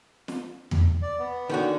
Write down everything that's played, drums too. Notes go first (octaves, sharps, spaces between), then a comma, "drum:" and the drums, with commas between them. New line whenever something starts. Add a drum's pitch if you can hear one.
drum: snare
drum: tom E2
D5
B3
D3 D#3 C#4 F#4